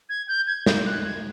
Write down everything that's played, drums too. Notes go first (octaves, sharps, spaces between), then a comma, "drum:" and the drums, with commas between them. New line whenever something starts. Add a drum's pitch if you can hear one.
G#6
G6
G#6
G6, drum: snare
F#6
G#6